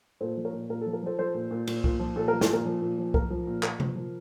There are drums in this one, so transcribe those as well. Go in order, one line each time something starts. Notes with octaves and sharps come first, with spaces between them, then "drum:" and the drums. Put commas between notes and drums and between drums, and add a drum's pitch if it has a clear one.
A#2 A4 C5
F3
A#4 C#5
A#2
A#2 A#4
F3 A4
A#4
F3 A4 C5
F3 A4 C5
A#2
A#2
A#2, drum: cymbal
A#2, drum: kick C2
F3
A#2 A4
F3 A#4
A4, drum: snare
A#2 A#4
F3
A#2
F3
F3 A#4, drum: kick C2
F3
A#2
A#2 A#4, drum: clap
F3, drum: tom C3
F3